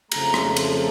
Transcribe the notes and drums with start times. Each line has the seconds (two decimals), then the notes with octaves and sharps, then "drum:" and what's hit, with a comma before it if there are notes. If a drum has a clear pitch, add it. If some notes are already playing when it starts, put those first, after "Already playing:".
0.12 F2 C#3 F3 A3 A#5, drum: cymbal
0.34 drum: rim click
0.57 drum: cymbal